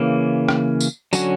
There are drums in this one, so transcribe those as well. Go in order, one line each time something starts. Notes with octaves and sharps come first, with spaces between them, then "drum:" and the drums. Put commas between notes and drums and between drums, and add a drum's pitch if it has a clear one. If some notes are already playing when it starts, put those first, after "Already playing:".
Already playing: C#3 E3 A#3
drum: rim click
drum: tambourine
D3 F#3 C#4 F#4, drum: tambourine